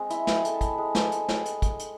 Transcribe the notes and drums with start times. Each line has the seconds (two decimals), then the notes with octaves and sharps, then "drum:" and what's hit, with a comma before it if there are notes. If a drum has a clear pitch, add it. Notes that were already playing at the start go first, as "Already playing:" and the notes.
Already playing: G#3 C4
0.10 E4, drum: hi-hat
0.27 drum: snare
0.45 A4, drum: hi-hat
0.61 drum: kick, hi-hat
0.78 G#3
0.95 drum: snare
1.12 drum: hi-hat
1.28 drum: snare
1.45 drum: hi-hat
1.62 drum: kick, hi-hat
1.79 drum: hi-hat